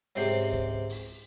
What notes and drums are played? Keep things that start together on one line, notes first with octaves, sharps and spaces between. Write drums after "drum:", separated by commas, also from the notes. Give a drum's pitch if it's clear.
C#2 G#2 C3 G5 C6, drum: open hi-hat
drum: kick C#2, hi-hat
drum: open hi-hat